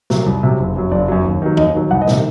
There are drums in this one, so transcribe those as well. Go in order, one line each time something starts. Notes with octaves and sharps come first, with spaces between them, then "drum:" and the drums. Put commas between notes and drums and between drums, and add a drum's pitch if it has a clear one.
C3 F#3, drum: snare
C2
C3 F#3
F#1
F#2 F#3
F#1 D5
F#2 F#3
D#2
D#3 F#3
D#2 D#5, drum: tom D#3
D#3 F#3
C2 F#5
D#5
C3 D#3, drum: snare